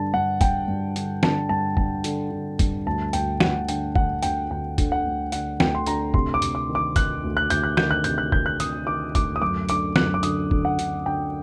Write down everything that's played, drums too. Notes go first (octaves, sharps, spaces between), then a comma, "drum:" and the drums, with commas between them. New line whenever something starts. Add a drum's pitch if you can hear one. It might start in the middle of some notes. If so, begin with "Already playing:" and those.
Already playing: G2 D3 A5
G2 F#5
G2 G5, drum: kick, hi-hat
G2
D3, drum: hi-hat
D3 A5, drum: snare
G2 A5
G2 A5, drum: kick
D3, drum: hi-hat
D3
G2, drum: kick, hi-hat
D2 A5
D2 G5, drum: hi-hat
D2 F#5, drum: snare
D3 G5, drum: hi-hat
D3 F#5, drum: kick
D2 G5, drum: hi-hat
D2 G5
D3, drum: kick, hi-hat
F#5
D2
D3 F#5, drum: hi-hat
D2 G5, drum: snare
C6
D3 A#5, drum: hi-hat
C3 C6, drum: kick
D6
C3, drum: hi-hat
D6
D#3
D6
D#3 F#6, drum: kick, hi-hat
D2
F#6
D2 G6, drum: hi-hat
F#6
D#3 G6, drum: snare
F#6
C3 G6, drum: hi-hat
F#6
D#3 G6, drum: kick
F#6
C3 D#6, drum: hi-hat
D#3 D6
D2 D6, drum: kick, hi-hat
D#6
F#2 D6
D3 D6, drum: hi-hat
F#2 F#6, drum: snare
D6
D3 D#6, drum: hi-hat
D3, drum: kick
F#5
D3, drum: hi-hat
D3 G5